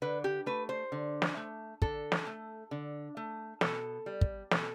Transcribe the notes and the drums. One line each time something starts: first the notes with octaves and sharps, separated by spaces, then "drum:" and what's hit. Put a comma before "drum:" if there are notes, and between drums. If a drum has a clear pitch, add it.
D3 B4
G4
A3 B4
C5
D3
drum: snare
A3
D3 A4, drum: kick
drum: snare
A3
D3
A3
B2 A4, drum: snare
G3
drum: kick
B2 A4, drum: snare